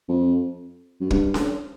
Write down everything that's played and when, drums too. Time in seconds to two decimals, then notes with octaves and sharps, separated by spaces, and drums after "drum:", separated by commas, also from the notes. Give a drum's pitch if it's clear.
0.09 F2
1.01 F#2
1.11 G2, drum: kick
1.34 drum: snare C#4